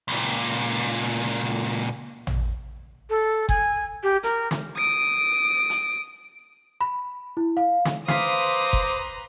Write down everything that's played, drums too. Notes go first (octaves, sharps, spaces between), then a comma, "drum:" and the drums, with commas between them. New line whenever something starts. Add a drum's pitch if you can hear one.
C#2 A#2
drum: tom
A4
G#5, drum: kick F#1
G4
A#4, drum: hi-hat
drum: snare
D#6 D7
drum: hi-hat
B5
E4
F5
drum: snare
B4 C5 F5 A#5 C6 D6 D#6 B6, drum: snare
drum: kick F#1